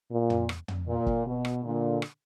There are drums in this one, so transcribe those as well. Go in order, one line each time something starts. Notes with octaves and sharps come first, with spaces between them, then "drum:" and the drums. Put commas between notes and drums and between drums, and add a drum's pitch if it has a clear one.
A#2
drum: tom
drum: rim click
drum: tom
A#2
drum: kick
B2
drum: rim click
A#2 D3
drum: rim click